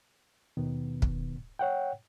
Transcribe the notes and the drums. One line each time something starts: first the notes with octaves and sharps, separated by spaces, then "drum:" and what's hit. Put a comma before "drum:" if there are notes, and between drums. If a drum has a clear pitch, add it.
D#2 B2 D#3 B3
drum: kick
C#5 F#5 G5